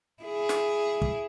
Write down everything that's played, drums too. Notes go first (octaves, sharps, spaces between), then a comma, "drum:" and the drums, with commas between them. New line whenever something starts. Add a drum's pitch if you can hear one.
E4 G#4
drum: snare
drum: kick